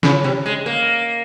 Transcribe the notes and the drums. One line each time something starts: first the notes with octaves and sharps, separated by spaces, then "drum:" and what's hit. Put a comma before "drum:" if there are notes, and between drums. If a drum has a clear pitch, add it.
C#3, drum: snare
C3
G#3
A#3